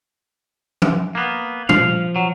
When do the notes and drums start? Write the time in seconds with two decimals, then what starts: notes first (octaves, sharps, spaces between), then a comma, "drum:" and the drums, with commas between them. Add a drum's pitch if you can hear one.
0.82 drum: tom F3
1.15 A#3 B3
1.69 F3 F5, drum: tom A#2
2.16 F#3